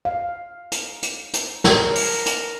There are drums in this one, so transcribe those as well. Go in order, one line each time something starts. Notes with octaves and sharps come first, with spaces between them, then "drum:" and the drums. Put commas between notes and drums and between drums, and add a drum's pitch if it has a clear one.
F5
drum: hi-hat
drum: hi-hat
drum: hi-hat
A#4, drum: snare
drum: open hi-hat
drum: hi-hat